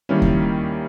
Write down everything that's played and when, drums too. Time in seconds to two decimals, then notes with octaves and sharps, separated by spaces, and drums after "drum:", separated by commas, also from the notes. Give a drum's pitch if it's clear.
0.09 D#3 G3 A#3 C#4 E4
0.22 drum: kick D#2